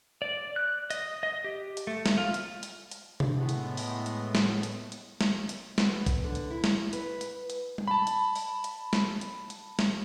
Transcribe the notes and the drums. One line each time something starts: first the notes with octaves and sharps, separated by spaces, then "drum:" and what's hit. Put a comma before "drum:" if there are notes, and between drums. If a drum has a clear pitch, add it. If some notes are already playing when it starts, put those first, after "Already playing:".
D5
F#6
D#5, drum: hi-hat
D#5
G4
drum: hi-hat
A3
drum: snare
F4
drum: hi-hat
drum: hi-hat
drum: hi-hat
drum: tom C3
A2 G#3 A3 B3
drum: hi-hat
drum: open hi-hat
drum: hi-hat
drum: snare
drum: hi-hat
drum: hi-hat
drum: snare
drum: hi-hat
B3, drum: snare
drum: kick, hi-hat
D3
drum: hi-hat
E4
drum: snare
B4, drum: hi-hat
drum: hi-hat
drum: hi-hat
drum: tom G3
A5 B5
drum: hi-hat
drum: open hi-hat
drum: hi-hat
drum: snare
drum: hi-hat
drum: hi-hat
drum: snare